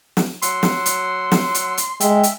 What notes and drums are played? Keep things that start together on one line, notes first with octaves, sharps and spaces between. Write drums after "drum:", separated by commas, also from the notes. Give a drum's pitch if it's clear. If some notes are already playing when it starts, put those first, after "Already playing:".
drum: snare
F#3 F#5 C6 E6, drum: hi-hat
drum: snare
drum: hi-hat
drum: snare
drum: hi-hat
drum: hi-hat
G#3 E5 G5, drum: hi-hat
drum: hi-hat